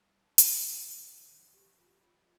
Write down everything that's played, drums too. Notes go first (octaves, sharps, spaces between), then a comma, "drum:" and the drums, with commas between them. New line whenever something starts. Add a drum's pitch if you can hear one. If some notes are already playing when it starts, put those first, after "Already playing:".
Already playing: G3
D#4
F3 D#4, drum: hi-hat
C#3
C3 D#4
C#3
F3 C#5
C#4
D#3 C#5
F3
G4
F3
F4
F4
D#5